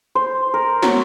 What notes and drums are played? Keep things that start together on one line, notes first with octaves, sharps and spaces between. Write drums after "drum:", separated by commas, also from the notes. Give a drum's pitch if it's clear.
C5
A#4
F#3, drum: snare